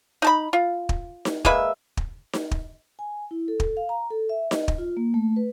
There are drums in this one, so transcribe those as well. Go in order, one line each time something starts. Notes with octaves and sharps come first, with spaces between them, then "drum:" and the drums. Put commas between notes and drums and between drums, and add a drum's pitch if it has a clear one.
D#4 A5 B5
F4
drum: kick
drum: snare D#4
G#3 A#3 B4 E5, drum: kick
drum: kick
drum: snare D#4
drum: kick
G#5
E4
A4
drum: kick
F5
A#5
A4
E5
D#5, drum: snare D#4
drum: kick
F4
A#3
A3
B4